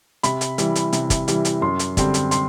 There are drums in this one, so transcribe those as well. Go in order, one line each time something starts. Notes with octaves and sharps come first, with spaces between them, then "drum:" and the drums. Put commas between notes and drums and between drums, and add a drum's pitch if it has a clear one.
C3 B5, drum: hi-hat
drum: hi-hat
E3 G3, drum: hi-hat
drum: hi-hat
C3, drum: hi-hat
drum: kick, hi-hat
E3 G3, drum: hi-hat
drum: hi-hat
F#2 C6
drum: hi-hat
D3 G3 C4, drum: kick, hi-hat
drum: hi-hat
C6, drum: hi-hat